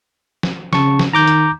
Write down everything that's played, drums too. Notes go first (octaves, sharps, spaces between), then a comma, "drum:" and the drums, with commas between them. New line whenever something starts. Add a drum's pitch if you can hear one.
drum: snare
C#3 A5 C#6, drum: snare
drum: snare
D#3 A#5 D6 G6
drum: hi-hat